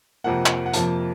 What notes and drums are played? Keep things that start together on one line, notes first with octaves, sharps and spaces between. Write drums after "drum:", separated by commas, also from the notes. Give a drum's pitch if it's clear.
F2 C3 F3 A#3 F#5
drum: clap
F#5
F2 C3 F3 A#3 A5, drum: hi-hat